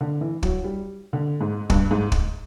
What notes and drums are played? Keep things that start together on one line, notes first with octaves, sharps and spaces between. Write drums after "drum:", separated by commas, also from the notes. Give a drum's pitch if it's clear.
D3
E3
F#3, drum: kick
G3
D3
G#2
G2, drum: kick
G#2
drum: kick